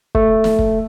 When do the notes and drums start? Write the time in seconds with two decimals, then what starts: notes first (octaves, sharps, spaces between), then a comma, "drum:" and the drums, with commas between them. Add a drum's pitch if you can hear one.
0.15 A3, drum: kick
0.44 drum: snare
0.59 drum: kick